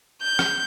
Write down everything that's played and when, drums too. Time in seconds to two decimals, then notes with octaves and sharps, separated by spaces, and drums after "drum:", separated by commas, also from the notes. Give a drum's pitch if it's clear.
0.22 G6
0.39 drum: rim click